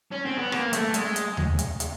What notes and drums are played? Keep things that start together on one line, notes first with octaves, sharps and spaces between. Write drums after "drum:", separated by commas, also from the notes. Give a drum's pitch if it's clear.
C#4
C4
B3
A#3, drum: rim click
A3, drum: hi-hat
G#3, drum: hi-hat
drum: hi-hat
drum: tom D#2
drum: hi-hat
drum: hi-hat